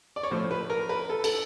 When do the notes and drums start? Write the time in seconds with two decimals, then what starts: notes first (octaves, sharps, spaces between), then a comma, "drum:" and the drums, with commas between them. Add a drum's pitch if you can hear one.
0.16 D5
0.23 C#5
0.31 A2 F3 C5
0.51 B4
0.70 A#4
0.89 B4
1.09 A4
1.24 A4, drum: cymbal